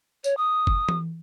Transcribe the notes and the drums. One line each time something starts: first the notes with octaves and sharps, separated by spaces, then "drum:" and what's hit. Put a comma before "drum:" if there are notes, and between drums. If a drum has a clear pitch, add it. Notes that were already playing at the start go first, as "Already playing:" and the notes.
C#5, drum: tambourine
D#6
drum: kick G1
drum: tom E3